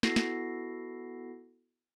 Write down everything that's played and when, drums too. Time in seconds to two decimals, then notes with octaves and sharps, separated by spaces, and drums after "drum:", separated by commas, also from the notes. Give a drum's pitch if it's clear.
0.03 B3 E4 F#4 A4 A#6 C7, drum: snare
0.16 drum: snare